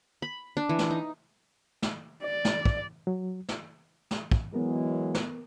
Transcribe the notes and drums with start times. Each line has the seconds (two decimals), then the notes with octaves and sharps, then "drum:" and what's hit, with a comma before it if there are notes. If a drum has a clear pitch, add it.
0.22 B5
0.57 D4
0.69 E3
0.79 drum: snare
0.91 D#4
1.82 drum: snare
2.23 D5
2.45 drum: snare
2.65 drum: kick
3.07 F#3
3.48 drum: snare
4.11 drum: snare
4.32 drum: kick
4.54 E3 F#3 G#3 B3 A#4
5.15 drum: snare